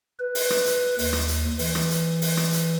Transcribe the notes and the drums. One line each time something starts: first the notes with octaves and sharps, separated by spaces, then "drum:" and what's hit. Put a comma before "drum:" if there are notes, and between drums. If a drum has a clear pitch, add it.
B4
drum: open hi-hat
drum: rim click
drum: hi-hat
D#2, drum: open hi-hat
drum: rim click
drum: hi-hat
E3, drum: open hi-hat
drum: rim click
drum: hi-hat
drum: open hi-hat
drum: rim click
drum: hi-hat